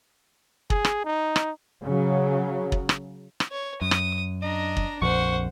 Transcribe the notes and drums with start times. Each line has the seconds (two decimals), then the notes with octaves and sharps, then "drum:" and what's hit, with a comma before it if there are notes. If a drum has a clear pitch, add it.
0.70 G#4, drum: kick
0.85 drum: rim click
1.05 D#4
1.36 drum: rim click
1.83 C#3 F#3
2.72 drum: kick
2.89 drum: rim click
3.40 drum: rim click
3.51 C#5
3.81 F#2 D#6
3.91 drum: rim click
4.42 D4 D#5 A#5
4.76 drum: kick
5.02 A#1 F2 C5 F#5 C#6